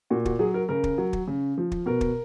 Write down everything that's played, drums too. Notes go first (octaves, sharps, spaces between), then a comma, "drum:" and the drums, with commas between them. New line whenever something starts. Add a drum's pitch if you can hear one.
A#2 F#4
F#4, drum: kick
F#3 G#4
A#4
C#3 A#4
drum: kick
F#3
drum: kick
C#3
F3
drum: kick
B2 A#4
drum: kick